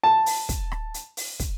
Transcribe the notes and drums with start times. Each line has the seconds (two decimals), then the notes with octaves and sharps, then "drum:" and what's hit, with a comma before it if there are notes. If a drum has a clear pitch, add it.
0.04 A5
0.26 drum: open hi-hat
0.49 drum: kick, hi-hat
0.72 drum: rim click
0.94 drum: hi-hat
1.17 drum: open hi-hat
1.40 drum: kick, hi-hat